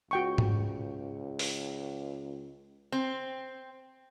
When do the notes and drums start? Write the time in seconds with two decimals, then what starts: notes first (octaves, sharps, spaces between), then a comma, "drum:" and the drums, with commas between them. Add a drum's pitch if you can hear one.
0.11 C#2 F#4 G5 C#6
0.38 drum: tom G#2
1.39 drum: open hi-hat
2.92 C4